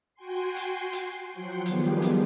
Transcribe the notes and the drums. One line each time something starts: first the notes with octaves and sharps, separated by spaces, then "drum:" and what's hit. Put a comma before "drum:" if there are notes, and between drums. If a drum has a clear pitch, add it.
F#4 G5 G#5 C6 C7
drum: hi-hat
drum: hi-hat
F3 F#3 F#5 G5 C6
D#3 F3 G3 B3 G4 G#4, drum: hi-hat
drum: hi-hat